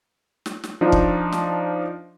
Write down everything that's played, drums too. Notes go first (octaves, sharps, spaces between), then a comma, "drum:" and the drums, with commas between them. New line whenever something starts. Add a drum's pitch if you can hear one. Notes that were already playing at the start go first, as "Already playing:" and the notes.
drum: snare
drum: snare
F3 D4 D#4 F4
drum: kick
drum: snare